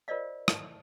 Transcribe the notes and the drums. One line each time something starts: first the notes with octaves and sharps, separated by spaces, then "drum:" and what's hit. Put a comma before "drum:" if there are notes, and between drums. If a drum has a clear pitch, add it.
F4 A#4 C5 D5 D#5 F5
drum: rim click